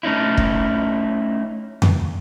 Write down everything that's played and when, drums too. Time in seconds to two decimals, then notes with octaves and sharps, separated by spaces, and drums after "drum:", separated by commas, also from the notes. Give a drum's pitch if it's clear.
0.03 A3 C#4 D#4 E4
0.37 drum: kick
1.82 drum: tom F2